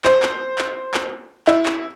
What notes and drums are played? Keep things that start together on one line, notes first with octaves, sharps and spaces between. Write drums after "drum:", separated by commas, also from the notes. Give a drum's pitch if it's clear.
C5, drum: clap
drum: clap
drum: clap
drum: clap
E4, drum: clap
drum: clap